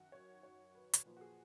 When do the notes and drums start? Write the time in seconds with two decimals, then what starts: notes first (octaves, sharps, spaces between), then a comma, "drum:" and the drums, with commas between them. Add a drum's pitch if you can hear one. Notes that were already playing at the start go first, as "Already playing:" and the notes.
Already playing: F#2 D#3 F#4
0.12 C#5
0.43 C#5
0.75 B4
0.94 drum: hi-hat
1.05 A#2 F3 B4
1.17 F#4
1.21 G#4